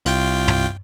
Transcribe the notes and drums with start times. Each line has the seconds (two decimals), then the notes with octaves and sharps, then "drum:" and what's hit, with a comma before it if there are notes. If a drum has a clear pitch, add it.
0.05 C2 F4 G5, drum: hi-hat
0.48 drum: tom